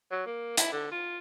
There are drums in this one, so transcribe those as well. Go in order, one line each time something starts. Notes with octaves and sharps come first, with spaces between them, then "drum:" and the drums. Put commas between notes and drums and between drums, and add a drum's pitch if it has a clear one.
F#3
A#3
E4, drum: hi-hat
D3
F4